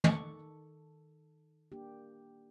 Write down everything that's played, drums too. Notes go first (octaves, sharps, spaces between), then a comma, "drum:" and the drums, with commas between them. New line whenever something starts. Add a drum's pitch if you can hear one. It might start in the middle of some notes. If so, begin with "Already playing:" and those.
D#3 A4 C#6 D6, drum: tom
A#3 D4 G4